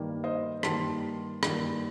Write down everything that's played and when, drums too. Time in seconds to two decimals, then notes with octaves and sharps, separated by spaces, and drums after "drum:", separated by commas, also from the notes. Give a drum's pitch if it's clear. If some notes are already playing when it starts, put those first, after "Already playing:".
Already playing: G2 D#3 G3 A#3
0.24 C5 D#5
0.63 G2 D#3 G3 A#3 A5 C6, drum: rim click
1.43 G2 D#3 G3 A#3, drum: rim click